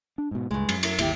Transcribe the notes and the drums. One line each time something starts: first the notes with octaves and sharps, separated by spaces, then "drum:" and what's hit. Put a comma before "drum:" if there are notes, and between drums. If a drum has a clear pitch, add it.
D4
G#2 B2
C#2 G2 G#3
F#2, drum: cymbal
E4 A#4, drum: cymbal
G1 D#2 E4 G4, drum: cymbal